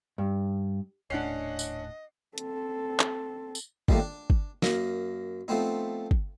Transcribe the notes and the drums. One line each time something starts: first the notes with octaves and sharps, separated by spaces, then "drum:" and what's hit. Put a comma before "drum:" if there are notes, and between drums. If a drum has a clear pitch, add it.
G2
D#1 A2 C#4 D4 D#5 F#5 C7
drum: tambourine
C4 A4, drum: hi-hat
drum: clap
drum: tambourine
D#3 F3 G3 A3 A#3 D4, drum: kick
D4
drum: kick
F#2 A#3 D#5, drum: snare
F3 A3 B3 C4 D#4
drum: kick